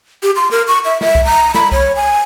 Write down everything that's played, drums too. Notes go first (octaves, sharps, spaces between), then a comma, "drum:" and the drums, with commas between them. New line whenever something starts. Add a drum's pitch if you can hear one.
G4
C6
A#4
C#6
E5
E5, drum: snare
drum: kick C2
A#5
B5, drum: snare
C#5, drum: kick C2
G#5